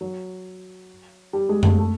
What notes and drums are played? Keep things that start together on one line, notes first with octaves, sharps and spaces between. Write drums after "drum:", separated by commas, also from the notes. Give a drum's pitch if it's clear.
F#3
G3
G#3
A3, drum: tom F#2
A3